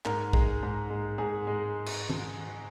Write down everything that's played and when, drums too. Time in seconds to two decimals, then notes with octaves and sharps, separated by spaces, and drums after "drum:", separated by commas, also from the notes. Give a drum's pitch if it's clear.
0.05 G#2 A#4, drum: clap
0.33 G#3, drum: kick A#1
0.63 G#2
0.90 G#3
1.18 G#2 G#4
1.47 G#3
1.86 drum: cymbal
2.10 drum: tom D#3